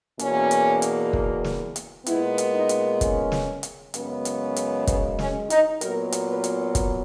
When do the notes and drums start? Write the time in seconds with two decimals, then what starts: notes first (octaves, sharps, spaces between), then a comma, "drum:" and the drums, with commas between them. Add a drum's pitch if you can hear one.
0.19 E2 B2 A#3 C#4, drum: hi-hat
0.51 drum: hi-hat
0.82 drum: hi-hat
1.13 drum: kick
1.44 drum: snare
1.76 drum: hi-hat
2.06 A#2 G#3 B3 E4, drum: hi-hat
2.38 drum: hi-hat
2.54 D#4
2.69 drum: hi-hat
3.01 C#4, drum: kick, hi-hat
3.32 drum: snare
3.63 drum: hi-hat
3.94 F#2 C#3 G#3 B3, drum: hi-hat
4.25 drum: hi-hat
4.56 drum: hi-hat
4.87 B3, drum: kick, hi-hat
5.19 C#4, drum: snare
5.50 D#4, drum: hi-hat
5.81 A#2 F#3 B3 A#4, drum: hi-hat
6.12 drum: hi-hat
6.28 B4
6.44 drum: hi-hat
6.75 drum: kick, hi-hat